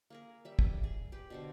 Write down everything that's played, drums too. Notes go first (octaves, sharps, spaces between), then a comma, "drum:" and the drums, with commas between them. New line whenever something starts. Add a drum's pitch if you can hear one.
A#3 G#4 A#4
G3 E5
drum: kick
G#4
G4 B4
B2 D3 C5